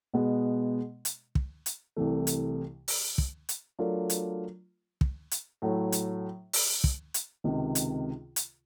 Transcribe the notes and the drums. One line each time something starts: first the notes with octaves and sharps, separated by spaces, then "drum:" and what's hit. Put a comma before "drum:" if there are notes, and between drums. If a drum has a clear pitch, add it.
B2 G#3 B3
drum: hi-hat
drum: kick
drum: hi-hat
C2 C3 E3 A3
drum: hi-hat
drum: open hi-hat
drum: kick
drum: hi-hat
F#3 A3 D4 F4 A#4
drum: hi-hat
drum: kick
drum: hi-hat
A2 F#3 A3
drum: hi-hat
drum: open hi-hat
drum: kick
drum: hi-hat
C#2 C3 D#3
drum: hi-hat
drum: hi-hat